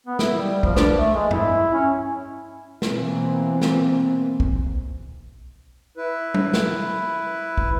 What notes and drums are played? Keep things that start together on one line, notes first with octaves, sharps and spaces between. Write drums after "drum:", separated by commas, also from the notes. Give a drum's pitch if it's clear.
B3
E4, drum: snare
G3
F3, drum: kick
D4, drum: snare
A3
G#3
E4, drum: tom G2
C#4
B2 E3 A#3 C4, drum: snare
drum: snare
drum: kick
E4 B4
drum: tom F#3
drum: snare
drum: kick